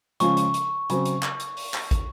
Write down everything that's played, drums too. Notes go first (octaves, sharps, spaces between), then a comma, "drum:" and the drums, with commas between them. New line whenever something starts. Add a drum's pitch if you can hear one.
C#3 F3 G#3 C#4 F4 C#6, drum: hi-hat
drum: hi-hat
drum: hi-hat
C#3 F#3 C4, drum: hi-hat
drum: hi-hat
drum: clap
drum: hi-hat
drum: open hi-hat
drum: clap
drum: kick, hi-hat